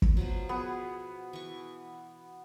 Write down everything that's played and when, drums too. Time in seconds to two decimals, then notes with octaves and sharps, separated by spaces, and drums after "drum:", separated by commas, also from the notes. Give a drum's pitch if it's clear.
0.02 drum: kick
0.17 B2 F3 F#3
0.49 B3 G#4
1.33 E3 C#6